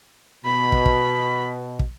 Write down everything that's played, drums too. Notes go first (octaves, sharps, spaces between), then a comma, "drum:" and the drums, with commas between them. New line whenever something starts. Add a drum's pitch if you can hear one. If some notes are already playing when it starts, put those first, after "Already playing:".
B2 B5
drum: kick
drum: kick
drum: kick